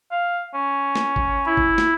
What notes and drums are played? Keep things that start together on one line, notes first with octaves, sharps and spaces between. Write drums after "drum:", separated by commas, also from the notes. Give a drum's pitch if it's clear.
F5
C#4
drum: snare
drum: kick G#1
E4
drum: kick G#1
drum: snare